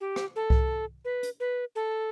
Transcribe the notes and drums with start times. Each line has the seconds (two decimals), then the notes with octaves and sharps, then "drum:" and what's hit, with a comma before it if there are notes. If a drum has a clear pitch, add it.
0.01 G4
0.16 drum: rim click
0.36 A4
0.50 drum: kick C2
1.05 B4
1.23 drum: hi-hat
1.40 B4
1.75 A4